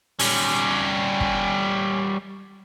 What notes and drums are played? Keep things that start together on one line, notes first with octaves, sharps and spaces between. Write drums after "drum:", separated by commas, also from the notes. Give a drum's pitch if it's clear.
G3 C#4, drum: open hi-hat
drum: kick